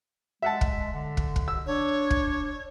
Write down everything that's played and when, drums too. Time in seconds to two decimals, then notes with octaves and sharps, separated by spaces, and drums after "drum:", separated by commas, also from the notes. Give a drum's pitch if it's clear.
0.42 G#3 E5 F#5 A5
0.61 drum: kick
0.93 D3
1.17 drum: kick
1.36 drum: kick
1.48 E6
1.67 D4 C#5
2.10 drum: kick